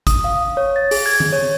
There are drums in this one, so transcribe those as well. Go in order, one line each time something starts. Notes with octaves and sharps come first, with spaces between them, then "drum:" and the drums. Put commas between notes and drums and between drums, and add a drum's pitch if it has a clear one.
D#6, drum: kick G#1, hi-hat
F5
C#5
A6
G#4, drum: open hi-hat
G#6
drum: tom D#3
C#5